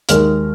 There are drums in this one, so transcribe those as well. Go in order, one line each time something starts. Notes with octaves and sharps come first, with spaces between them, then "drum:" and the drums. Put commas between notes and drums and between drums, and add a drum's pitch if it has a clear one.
D#2 D#3 G#3 D#4 F6, drum: hi-hat